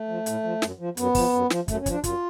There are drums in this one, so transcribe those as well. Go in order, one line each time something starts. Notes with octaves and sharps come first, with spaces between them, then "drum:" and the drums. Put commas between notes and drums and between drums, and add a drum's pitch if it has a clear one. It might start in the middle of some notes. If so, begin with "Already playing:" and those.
Already playing: A3
F3
A2, drum: hi-hat
F3
F#2, drum: snare
F3
F#2 B3, drum: hi-hat
F3, drum: kick, open hi-hat
F#2
F3, drum: snare
F#2 A3, drum: kick, hi-hat
C#4
F3, drum: kick, hi-hat
D4
F#2 F4, drum: kick, hi-hat